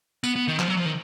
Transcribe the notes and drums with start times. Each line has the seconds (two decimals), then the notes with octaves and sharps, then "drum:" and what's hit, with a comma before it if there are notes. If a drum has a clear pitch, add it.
0.24 B3, drum: tambourine
0.36 B3
0.48 D#3
0.60 F3, drum: clap
0.68 F#3
0.77 F3
0.86 D#3